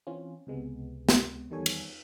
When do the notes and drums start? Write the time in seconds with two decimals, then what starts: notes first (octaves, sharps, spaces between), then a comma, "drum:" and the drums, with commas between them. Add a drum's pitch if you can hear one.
0.07 E3 C4 C#4 F4
0.47 C#2 C3 G#3 B3
1.09 drum: snare
1.50 E2 D#3 G3 A4 C#5 G#5
1.66 drum: cymbal